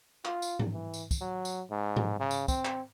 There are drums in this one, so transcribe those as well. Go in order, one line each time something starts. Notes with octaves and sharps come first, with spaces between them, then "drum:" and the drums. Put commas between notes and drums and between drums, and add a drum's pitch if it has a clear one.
F4, drum: clap
drum: tambourine
drum: tom G#2
E3
drum: tambourine
drum: kick, tambourine
F#3
drum: tambourine
G#2
drum: tom G#2
C#3
drum: tambourine
C4, drum: kick, tambourine
drum: clap